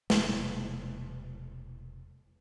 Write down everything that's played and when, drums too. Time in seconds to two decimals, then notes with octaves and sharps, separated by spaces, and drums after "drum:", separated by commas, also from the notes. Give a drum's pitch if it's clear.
0.10 E1 C3 G#3 A#3, drum: snare